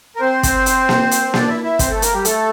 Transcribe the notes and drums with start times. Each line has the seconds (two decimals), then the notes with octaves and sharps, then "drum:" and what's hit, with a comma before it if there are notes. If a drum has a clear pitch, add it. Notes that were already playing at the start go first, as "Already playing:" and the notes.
0.16 A#4
0.20 C4 C5
0.43 drum: kick, hi-hat
0.66 drum: hi-hat
0.89 drum: snare A#3
1.11 drum: hi-hat
1.34 D4 D5, drum: snare A#3
1.49 E4 E5
1.64 E4 E5
1.79 C4 C5, drum: kick, hi-hat
1.90 A3 A4
2.02 A#3 A#4, drum: hi-hat
2.14 G3 G4
2.25 A3 A4, drum: hi-hat